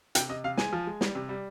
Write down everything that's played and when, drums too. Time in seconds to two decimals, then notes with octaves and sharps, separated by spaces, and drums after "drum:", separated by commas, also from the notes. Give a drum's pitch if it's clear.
0.15 C3 G5, drum: hi-hat
0.29 C3 D#5
0.44 C3 F5
0.57 G#3 G#5, drum: snare
0.73 F3
0.87 G#3
1.01 G3, drum: snare
1.15 C3
1.29 G3